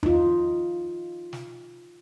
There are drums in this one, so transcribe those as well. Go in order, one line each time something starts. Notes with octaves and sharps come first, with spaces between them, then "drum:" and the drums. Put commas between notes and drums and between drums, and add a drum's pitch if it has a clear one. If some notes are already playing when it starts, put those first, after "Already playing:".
D#4 F4, drum: tom E2
drum: snare